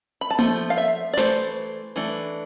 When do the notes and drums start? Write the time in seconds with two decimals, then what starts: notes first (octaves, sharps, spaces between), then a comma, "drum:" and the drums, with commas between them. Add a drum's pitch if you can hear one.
0.21 B5
0.30 A5
0.39 F3 A3, drum: tom A#3
0.70 F5
0.78 E5
1.13 D5
1.17 E3 A3 C5, drum: snare
1.96 E3 A3 D4